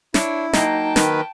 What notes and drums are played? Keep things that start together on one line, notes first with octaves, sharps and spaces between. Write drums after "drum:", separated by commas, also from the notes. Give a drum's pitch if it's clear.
D4 E4 C#5, drum: snare
F#3 A#3 D#4 G5 A5, drum: snare
D#3 B4, drum: snare